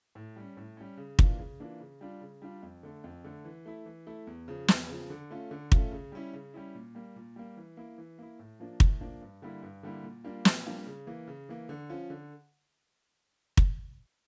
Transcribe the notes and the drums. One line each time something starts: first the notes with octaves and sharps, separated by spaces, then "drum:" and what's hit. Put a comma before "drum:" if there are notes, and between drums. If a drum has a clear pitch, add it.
A2
G3 C#4
A2
G3 C#4
C#3
E3 A#3 D4 F4, drum: kick
C#3
E3 A#3 D4 F4
C#3
G3 D4 F4
C#3
G3 D4 F4
F2
D3 A3
F2
D3 A3
E3
A3 E4
E3
A3 E4
E2
C#3 F3
E2, drum: snare
C#3 F3
D3
A3 C#4 F4
D3
A3 C#4 F4, drum: kick
C#3
G3 C#4 E4
C#3
G3 C#4 E4
A#2
G3 A#3
A#2
G3 A#3
E3
A#3 E4
E3
A#3 E4
A2
F3 A#3 D4
A2, drum: kick
F3 A#3 D4
G2
D3 G3 A#3 E4
G2
D3 G3 A#3 E4
A#2
G3 A#3 D4 F4
A#2, drum: snare
G3 A#3 D4 F4
C#3
E3 A#3
C#3
E3 A#3
D3
F3 C#4 F4
D3
drum: kick